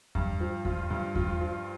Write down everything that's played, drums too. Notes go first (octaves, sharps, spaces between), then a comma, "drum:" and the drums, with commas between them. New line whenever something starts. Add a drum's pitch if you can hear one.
G2, drum: kick E2
F3
F4, drum: kick E2
G2
F4, drum: kick E2
F3